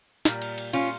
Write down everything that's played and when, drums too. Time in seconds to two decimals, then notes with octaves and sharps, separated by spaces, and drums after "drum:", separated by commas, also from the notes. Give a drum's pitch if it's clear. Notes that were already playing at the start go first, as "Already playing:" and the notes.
0.25 A#2 G3 A#3, drum: snare
0.42 drum: cymbal
0.58 drum: cymbal
0.73 C#4 F4, drum: cymbal